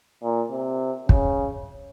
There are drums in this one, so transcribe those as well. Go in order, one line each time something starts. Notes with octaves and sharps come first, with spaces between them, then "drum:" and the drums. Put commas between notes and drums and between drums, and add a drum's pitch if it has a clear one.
A#2
C3
C#3, drum: kick